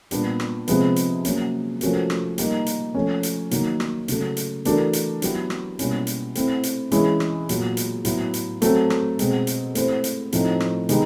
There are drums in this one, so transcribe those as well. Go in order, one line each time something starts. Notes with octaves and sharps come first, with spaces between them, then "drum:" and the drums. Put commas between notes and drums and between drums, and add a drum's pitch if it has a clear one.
A#2 G3 B3 D4 G4, drum: hi-hat
drum: rim click
C3 F3 G#3 B3, drum: hi-hat
drum: hi-hat
F#3 A#3 C#4, drum: hi-hat
F3 A3 C#4 F#4 A#4, drum: hi-hat
drum: rim click
G3 A#3 D#4, drum: hi-hat
drum: hi-hat
F3 A3 C#4
drum: hi-hat
D#3 F#3 A#3 D#4, drum: hi-hat
drum: rim click
C#3 F#3 A3, drum: hi-hat
drum: hi-hat
E3 A3 D4 F#4 A#4, drum: hi-hat
drum: hi-hat
F#3 B3 E4 G4, drum: hi-hat
drum: rim click
B2 G3 A#3 C#4 E4, drum: hi-hat
drum: hi-hat
A3 C4 E4, drum: hi-hat
drum: hi-hat
E3 G#3 C#4 E4, drum: hi-hat
drum: rim click
A#2 F#3 B3, drum: hi-hat
drum: hi-hat
A2 F#3 B3 E4, drum: hi-hat
drum: hi-hat
F#3 A3 C4, drum: hi-hat
drum: rim click
B2 G#3 C4, drum: hi-hat
drum: hi-hat
A3 C4 E4 G4 C5, drum: hi-hat
drum: hi-hat
A2 F3 A3 C4 D#4, drum: hi-hat
drum: rim click
D#3 G#3 B3 D#4 G4, drum: hi-hat